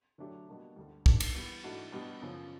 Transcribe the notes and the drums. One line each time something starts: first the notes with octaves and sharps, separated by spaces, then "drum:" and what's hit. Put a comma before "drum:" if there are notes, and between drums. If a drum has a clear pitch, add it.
D3 F#3 A3 D4 G4
B2 G3 A#3 D4 F#4
D2 D3 G3
D#3 G3 A#3 D4, drum: kick
drum: cymbal
E3 G3 B3
G#2 E3 A3 D4 F#4
B2 G3 B3 D4
F#2 C#3 F3